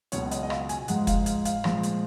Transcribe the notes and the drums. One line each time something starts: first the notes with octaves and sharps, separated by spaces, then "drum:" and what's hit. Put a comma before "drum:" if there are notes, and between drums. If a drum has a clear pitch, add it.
C#2 B2 F#3 C#5, drum: hi-hat
D#5, drum: hi-hat
D#5
F5, drum: rim click
G#5, drum: hi-hat
G#2 F3 G#3 F#5, drum: hi-hat
F5, drum: kick, hi-hat
F5, drum: hi-hat
F5, drum: hi-hat
A#2 F3 G#3, drum: rim click
drum: hi-hat